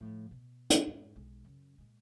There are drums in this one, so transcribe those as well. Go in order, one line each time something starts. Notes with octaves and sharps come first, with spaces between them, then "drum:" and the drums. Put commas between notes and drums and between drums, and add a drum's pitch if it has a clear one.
A2 F3
B2
drum: hi-hat
F2 G#2
B1 G#3
F#2 C#3
A#2 G#3